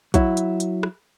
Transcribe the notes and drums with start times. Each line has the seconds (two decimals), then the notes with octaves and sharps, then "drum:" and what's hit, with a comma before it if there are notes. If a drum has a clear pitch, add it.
0.14 F#3 E4, drum: kick, hi-hat
0.37 drum: hi-hat
0.60 drum: hi-hat
0.83 drum: rim click